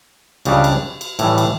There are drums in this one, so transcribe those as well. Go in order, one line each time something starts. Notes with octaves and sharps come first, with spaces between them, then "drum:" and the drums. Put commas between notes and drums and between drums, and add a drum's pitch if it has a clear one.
C#2 C#3 G3 D4, drum: cymbal
drum: cymbal
drum: cymbal
A2 E3 G3, drum: cymbal
drum: cymbal